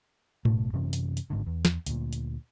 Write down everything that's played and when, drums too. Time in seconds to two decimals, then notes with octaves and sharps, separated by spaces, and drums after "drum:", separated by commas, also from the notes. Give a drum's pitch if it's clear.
0.45 F#1 B2 A3, drum: tom A2
0.73 F#2 C3 E3 C#4
0.93 drum: hi-hat
1.17 drum: hi-hat
1.30 G#1 G#2 D3
1.46 E2
1.65 drum: snare
1.86 D2 A#2, drum: hi-hat
2.13 drum: hi-hat